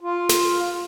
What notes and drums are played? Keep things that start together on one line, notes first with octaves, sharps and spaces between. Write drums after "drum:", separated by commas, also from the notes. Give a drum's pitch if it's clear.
F4
drum: snare